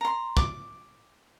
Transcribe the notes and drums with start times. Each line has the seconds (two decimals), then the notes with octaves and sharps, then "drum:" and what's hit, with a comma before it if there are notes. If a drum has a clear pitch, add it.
0.01 A#5 C6
0.37 D6, drum: kick